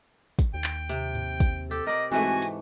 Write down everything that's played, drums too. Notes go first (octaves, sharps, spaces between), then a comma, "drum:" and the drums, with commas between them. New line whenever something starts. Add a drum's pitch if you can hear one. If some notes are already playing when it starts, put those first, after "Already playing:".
drum: kick, hi-hat
D#2 G5
drum: clap
C3, drum: hi-hat
drum: tom G#2
drum: kick, hi-hat
G4 A4
A#4 D5 D#5
G#2 E3 A3 C4 F#4 G#5
drum: hi-hat